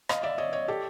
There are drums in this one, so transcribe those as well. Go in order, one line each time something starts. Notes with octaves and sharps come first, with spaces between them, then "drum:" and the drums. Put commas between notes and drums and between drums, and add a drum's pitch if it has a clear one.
D#5 F5, drum: rim click
D5 E5
C#5 D#5
C#5 D#5
G4 A4